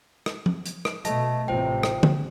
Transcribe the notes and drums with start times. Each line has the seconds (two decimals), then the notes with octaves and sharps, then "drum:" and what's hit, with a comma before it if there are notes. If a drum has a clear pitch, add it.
0.26 drum: rim click
0.46 drum: tom F3
0.66 drum: hi-hat
0.85 drum: rim click
1.05 B2 A3 D#5 A5 A#6, drum: hi-hat
1.48 A1 C3 F4 C5 G5
1.83 drum: rim click
2.03 drum: tom